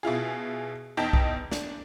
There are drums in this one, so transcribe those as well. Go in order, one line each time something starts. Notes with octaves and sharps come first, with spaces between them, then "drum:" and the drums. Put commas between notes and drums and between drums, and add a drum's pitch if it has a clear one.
B2 E4 F4 G#4
E2 D#4 G5 A5 G6 B6
drum: kick B1
D4, drum: snare